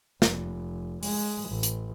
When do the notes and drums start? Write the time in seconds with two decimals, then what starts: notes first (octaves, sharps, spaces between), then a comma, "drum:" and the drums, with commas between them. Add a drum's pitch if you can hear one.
0.22 F1, drum: snare
1.03 G#3, drum: open hi-hat
1.48 A1
1.63 drum: hi-hat